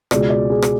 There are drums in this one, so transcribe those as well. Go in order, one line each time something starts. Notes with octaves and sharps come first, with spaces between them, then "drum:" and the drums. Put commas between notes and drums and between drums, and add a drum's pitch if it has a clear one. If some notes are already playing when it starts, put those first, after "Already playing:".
C#2 B2 G#3 D5, drum: rim click
D5
G#4
drum: rim click